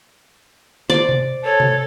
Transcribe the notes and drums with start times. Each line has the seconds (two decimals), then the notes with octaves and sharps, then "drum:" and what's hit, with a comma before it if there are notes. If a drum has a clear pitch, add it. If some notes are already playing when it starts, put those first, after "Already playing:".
0.90 C5 D5
1.09 drum: tom C3
1.44 A4 C#5
1.60 drum: tom C3